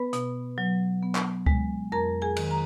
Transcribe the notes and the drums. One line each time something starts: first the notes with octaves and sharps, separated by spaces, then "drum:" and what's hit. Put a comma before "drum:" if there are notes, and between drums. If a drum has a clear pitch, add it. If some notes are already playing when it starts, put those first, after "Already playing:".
Already playing: B3 B4 B5
B2, drum: hi-hat
F#3
B3
drum: clap
G#3, drum: kick C#2
F2 A#4 A#5
G#4 G#5
D#3, drum: cymbal
A#5